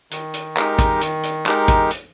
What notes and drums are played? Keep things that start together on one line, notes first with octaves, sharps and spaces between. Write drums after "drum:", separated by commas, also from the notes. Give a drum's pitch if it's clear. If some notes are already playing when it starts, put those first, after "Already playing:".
D#3, drum: hi-hat
drum: hi-hat
G#3 D#4 G4 A#4, drum: clap
drum: kick, hi-hat
D#3, drum: hi-hat
drum: hi-hat
G#3 D#4 G4 A#4, drum: clap
drum: kick, hi-hat
drum: hi-hat